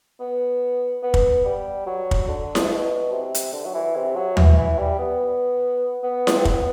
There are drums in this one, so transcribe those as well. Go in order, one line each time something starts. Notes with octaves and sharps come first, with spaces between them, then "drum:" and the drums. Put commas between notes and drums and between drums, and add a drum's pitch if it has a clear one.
B3
B3
drum: kick
G3
F#3
drum: kick
D3
drum: snare E4
C3
B2
C3
drum: hi-hat
D3
F#3
E3
C3
F#3
E3, drum: tom D#2
E3
G3
B3
B3
drum: snare E4
C4
B3, drum: kick